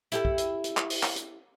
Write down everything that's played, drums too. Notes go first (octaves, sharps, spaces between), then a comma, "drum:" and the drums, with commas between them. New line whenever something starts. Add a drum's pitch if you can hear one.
E4 G4 A4, drum: hi-hat
drum: kick
drum: hi-hat
drum: hi-hat
drum: clap
drum: open hi-hat
drum: clap
drum: hi-hat